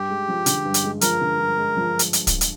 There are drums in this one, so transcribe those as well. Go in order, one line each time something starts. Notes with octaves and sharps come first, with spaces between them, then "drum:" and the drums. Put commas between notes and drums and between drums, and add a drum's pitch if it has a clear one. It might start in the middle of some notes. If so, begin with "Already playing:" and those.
Already playing: G2 G4
G#3
F3
D3, drum: hi-hat
G2
drum: hi-hat
G#3
F3 A#4, drum: hi-hat
D3
G2
G#3
F3
drum: hi-hat
drum: hi-hat
drum: kick, hi-hat
drum: hi-hat